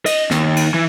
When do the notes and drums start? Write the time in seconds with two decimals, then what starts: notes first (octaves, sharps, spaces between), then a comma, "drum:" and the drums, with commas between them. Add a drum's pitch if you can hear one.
0.06 D#5, drum: cymbal
0.31 D#2, drum: snare
0.56 drum: cymbal
0.74 E3